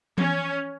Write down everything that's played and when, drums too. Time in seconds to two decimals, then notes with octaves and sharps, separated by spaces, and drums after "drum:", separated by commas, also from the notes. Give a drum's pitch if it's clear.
0.18 C#4, drum: tom E3